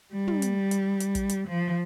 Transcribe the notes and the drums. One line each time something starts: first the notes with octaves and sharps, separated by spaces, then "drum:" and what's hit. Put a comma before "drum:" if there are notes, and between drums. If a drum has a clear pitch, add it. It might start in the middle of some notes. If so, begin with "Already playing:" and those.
G3
drum: tom
drum: hi-hat
drum: hi-hat
drum: hi-hat
drum: kick, hi-hat
drum: hi-hat
F3